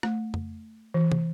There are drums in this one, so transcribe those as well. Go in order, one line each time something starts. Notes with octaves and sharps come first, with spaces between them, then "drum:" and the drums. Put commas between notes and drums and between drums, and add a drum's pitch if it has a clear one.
A3, drum: rim click
drum: tom F2
E3
drum: tom